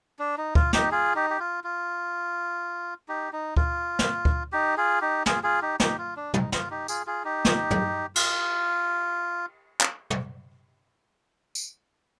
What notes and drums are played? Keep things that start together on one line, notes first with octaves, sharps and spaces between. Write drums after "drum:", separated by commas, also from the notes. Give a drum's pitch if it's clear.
D4
D#4
F4, drum: kick D2
D#4 G4, drum: snare
F4 G#4
D#4 G4
G4
F4
F4
D#4 G4
D#4
F4, drum: kick D2
drum: snare
drum: kick D2
D#4 G4
F4 G#4
D#4 G4
F4 G#4, drum: snare
F4 G#4
D#4 G4
D#4 G4, drum: snare
F4
D4
D#4, drum: tom
F4, drum: snare
D#4 G4
F4 G#4, drum: tambourine
F4 G#4
D#4 G4
drum: snare
drum: tom
F4, drum: cymbal
drum: clap
drum: tom
drum: tambourine